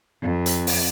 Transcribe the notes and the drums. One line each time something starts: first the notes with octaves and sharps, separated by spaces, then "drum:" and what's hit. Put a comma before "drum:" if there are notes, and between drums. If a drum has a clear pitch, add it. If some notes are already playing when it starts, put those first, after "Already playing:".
F2
drum: hi-hat
drum: open hi-hat